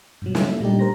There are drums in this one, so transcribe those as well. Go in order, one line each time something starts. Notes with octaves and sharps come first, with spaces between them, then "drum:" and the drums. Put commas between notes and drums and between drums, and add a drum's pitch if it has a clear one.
G2 B2 F#3
C#3 F#3 G3 C#4 D#4 E4, drum: snare
A#3 E4
A#2 G3 A3 D4 D#4 G4
A#4 C5 A#6